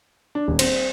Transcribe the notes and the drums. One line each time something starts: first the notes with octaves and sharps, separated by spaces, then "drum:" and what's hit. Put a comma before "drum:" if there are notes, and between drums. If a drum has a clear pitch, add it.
D4
D#1
C4, drum: cymbal